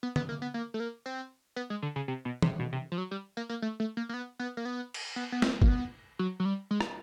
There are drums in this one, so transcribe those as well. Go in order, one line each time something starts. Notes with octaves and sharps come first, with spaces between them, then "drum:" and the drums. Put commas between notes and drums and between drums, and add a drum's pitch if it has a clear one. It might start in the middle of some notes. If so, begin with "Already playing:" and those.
B3
B3, drum: tom D3
A#3
B3
A#3
A3
A#3
C4
B3
G#3
D3
C#3
C3
B2
C3, drum: tom E3
B2
C3
F3
F#3
G3
A#3
A#3
A3
A3
A#3
A#3
B3
B3
A#3
B3
drum: cymbal
B3
B3
C4, drum: snare
A#3, drum: kick G1
B3
F#3
F#3
G3
G#3
drum: rim click